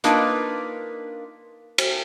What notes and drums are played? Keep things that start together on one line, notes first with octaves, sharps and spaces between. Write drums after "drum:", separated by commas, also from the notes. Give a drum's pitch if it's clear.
A#3 D4 D#4 F4 A#4 B4, drum: hi-hat
drum: cymbal